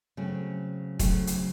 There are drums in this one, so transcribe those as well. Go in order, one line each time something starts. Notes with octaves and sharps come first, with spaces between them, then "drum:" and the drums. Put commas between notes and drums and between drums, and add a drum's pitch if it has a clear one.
C#3 F#3 A3 C4
C#3 F#3 A3 C4, drum: kick, hi-hat
drum: hi-hat